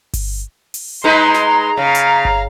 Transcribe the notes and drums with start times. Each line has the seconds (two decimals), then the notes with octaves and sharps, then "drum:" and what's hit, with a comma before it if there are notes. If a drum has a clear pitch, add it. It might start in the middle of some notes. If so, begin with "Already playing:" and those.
0.13 drum: kick G1, open hi-hat
0.74 drum: open hi-hat
1.04 G#3 D#4 B4 A#5 C6
1.34 drum: snare
1.77 C#3 F5
1.95 drum: hi-hat
2.25 drum: kick G1